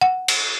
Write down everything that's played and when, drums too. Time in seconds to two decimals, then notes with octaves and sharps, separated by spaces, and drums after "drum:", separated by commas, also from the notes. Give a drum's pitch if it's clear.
0.01 F#5
0.28 drum: cymbal